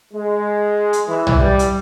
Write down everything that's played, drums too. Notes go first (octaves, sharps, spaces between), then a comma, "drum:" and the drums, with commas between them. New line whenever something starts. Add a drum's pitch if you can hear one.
G#3
drum: hi-hat
E3
drum: tom B1
G3
drum: hi-hat